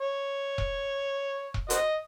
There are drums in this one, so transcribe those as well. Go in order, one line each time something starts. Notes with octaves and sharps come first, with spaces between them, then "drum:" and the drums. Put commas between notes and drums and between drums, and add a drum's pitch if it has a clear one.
C#5
drum: kick E1
drum: kick E1
F#4 C5 D#5, drum: hi-hat